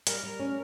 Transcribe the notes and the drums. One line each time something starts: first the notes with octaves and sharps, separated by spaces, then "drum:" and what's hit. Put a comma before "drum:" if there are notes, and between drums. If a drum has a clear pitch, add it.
G3 A#4, drum: hi-hat
G3
C#4